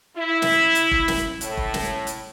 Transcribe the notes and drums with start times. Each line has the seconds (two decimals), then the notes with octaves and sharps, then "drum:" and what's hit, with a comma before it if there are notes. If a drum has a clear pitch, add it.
0.17 E4
0.42 drum: snare
0.75 drum: hi-hat
0.91 drum: kick
1.08 drum: snare
1.41 A2, drum: hi-hat
1.57 drum: kick
1.74 drum: snare
2.07 drum: hi-hat